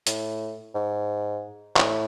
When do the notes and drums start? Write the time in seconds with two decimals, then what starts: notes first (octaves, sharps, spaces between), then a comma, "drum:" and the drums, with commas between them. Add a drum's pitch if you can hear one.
0.07 A2, drum: hi-hat
0.74 G#2
1.76 A2, drum: clap